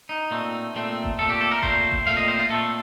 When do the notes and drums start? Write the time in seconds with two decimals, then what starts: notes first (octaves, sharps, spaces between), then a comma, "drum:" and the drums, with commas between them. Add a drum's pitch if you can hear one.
0.09 D#4
0.31 A#2 A3 C4
0.75 A#2 A3 C4
1.04 drum: kick G1
1.19 A#2 A3 C4 A4
1.29 G4
1.41 A4
1.51 A#4
1.62 A#2 A3 C4 C5, drum: kick G1
1.92 drum: kick G1
2.06 A#2 A3 C4 F5
2.17 D#5
2.28 C5
2.39 F4
2.50 A#2 A3 C4 A4